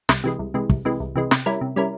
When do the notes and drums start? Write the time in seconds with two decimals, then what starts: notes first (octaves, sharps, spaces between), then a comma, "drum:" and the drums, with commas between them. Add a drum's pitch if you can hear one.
0.09 C2, drum: snare
0.24 C3 E3 G#3
0.39 C2
0.54 C3 E3 G#3
0.69 C2, drum: kick
0.85 C3 E3 G#3
1.00 C2
1.16 C3 E3 G#3
1.31 C3, drum: snare
1.46 G3 C#4 E4 A#4
1.61 C3
1.76 G3 C#4 E4 A#4